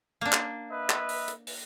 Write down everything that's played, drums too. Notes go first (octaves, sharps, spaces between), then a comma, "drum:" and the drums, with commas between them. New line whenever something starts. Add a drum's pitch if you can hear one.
A#3 D4
drum: clap
B4 D#5 E5
drum: clap
drum: open hi-hat
drum: hi-hat
drum: open hi-hat